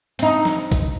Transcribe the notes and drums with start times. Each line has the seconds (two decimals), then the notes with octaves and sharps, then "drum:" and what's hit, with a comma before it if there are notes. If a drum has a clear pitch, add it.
0.19 C4 D#4, drum: hi-hat
0.45 drum: snare
0.71 drum: kick, hi-hat